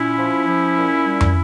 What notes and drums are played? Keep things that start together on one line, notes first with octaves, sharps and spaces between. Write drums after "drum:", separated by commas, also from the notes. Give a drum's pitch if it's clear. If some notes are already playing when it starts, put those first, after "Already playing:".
Already playing: A#2 C#4 E4
F3
F3
A#2
G3
drum: tom F2